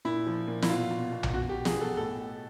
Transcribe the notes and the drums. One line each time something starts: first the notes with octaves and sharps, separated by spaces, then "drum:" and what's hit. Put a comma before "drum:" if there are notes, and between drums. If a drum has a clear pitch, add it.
A#2 E4
F3
A#2
E4, drum: snare
B2 F4
B2
B2
drum: tom A#1
B2 F#4
G4
B2
G#4, drum: snare
B2
A4
A2 A4
A2